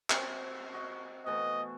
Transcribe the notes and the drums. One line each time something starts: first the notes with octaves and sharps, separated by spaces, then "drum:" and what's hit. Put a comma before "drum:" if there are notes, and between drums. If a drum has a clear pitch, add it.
C4 F#4, drum: clap
F#4 D#5
B2 E3 A3 D#5